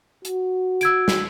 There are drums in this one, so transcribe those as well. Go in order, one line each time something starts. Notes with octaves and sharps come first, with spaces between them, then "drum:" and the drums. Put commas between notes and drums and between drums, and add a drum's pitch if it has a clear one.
F#4, drum: hi-hat
E6 G#6 D7, drum: hi-hat
drum: snare